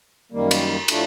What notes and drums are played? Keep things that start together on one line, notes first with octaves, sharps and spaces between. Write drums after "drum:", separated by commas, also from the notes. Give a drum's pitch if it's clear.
F#2 D#3 G3 A#3
drum: cymbal
A2 F3 A3 D4, drum: cymbal